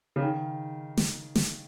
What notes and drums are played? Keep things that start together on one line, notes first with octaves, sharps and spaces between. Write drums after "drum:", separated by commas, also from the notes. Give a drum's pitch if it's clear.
C#3
D#3
drum: snare
drum: snare